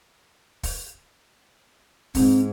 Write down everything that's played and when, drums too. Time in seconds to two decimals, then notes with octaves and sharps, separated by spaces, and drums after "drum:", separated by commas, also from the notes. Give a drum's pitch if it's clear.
0.63 drum: kick, open hi-hat
2.15 G#2 C4, drum: kick, open hi-hat